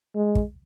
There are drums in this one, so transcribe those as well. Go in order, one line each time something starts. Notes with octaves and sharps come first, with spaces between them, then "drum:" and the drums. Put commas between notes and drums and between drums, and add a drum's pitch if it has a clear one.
G#3
drum: kick